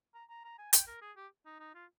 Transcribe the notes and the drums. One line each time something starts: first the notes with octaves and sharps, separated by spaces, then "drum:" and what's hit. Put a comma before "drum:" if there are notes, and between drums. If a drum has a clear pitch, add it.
A#5
A#5
A#5
G#5
G5, drum: hi-hat
A#4
G#4
G4
D#4
D#4
F4